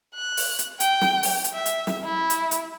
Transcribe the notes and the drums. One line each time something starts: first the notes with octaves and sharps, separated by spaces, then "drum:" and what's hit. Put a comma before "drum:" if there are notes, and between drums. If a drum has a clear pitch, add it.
F#6
drum: open hi-hat
drum: hi-hat
G5, drum: hi-hat
drum: snare
drum: open hi-hat
drum: hi-hat
E5
drum: hi-hat
drum: snare
E4
drum: hi-hat
drum: hi-hat